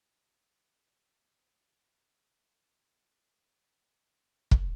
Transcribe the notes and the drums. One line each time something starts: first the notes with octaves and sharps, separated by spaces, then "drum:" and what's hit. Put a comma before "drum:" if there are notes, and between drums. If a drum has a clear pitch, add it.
D4
B3
D3
F3 G#3 D4 D#4 C5 C#5
F#5 A5
drum: kick